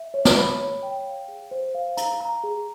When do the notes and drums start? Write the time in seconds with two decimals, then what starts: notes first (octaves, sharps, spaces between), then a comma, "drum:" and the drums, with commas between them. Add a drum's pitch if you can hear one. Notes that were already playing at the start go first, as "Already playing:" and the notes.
Already playing: E5
0.14 C#5
0.25 drum: snare
0.37 B5
0.59 C#5
0.83 G5
1.06 F5
1.28 G#4
1.51 C5
1.75 F5
1.97 A#5, drum: hi-hat
2.20 A#5
2.43 G#4